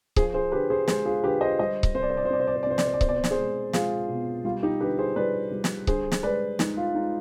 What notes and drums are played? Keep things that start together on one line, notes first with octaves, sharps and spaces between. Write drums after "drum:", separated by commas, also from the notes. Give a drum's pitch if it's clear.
F3 G#4 C5, drum: kick C#1
G#4 C5
D3 G4 B4
G#4 C5
G#3 G#4 C5, drum: snare
F4 G#4
D3 G4 B4
C5 D#5
G3 C5 D#5
drum: kick C#1
C3 C5
D5
C5
D5
C5
C3 D5
C5
D5
C5
D5
C3 C5
D5, drum: snare
C5
D5
B2 C5, drum: kick C#1
D5
C5
D5, drum: snare
G#4 C5
G#3
G#3 F4 G#4, drum: snare
B2
G3 F4
D#4 G4
D3 G4 B4
G#4 C5
G3 B4 D5
G3
drum: snare
D3 G#4 C5, drum: kick C#1
drum: snare
G#3 B4 D5
G#3 D#4, drum: snare
F4
G#3 D#4